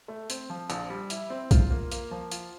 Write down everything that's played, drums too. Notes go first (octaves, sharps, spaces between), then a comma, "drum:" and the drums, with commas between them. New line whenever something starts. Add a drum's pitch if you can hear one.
A3
C4, drum: hi-hat
F3
A#1, drum: hi-hat
G3
E4, drum: hi-hat
C4
F4, drum: kick, hi-hat
A#3
A#3, drum: hi-hat
F3
F4, drum: hi-hat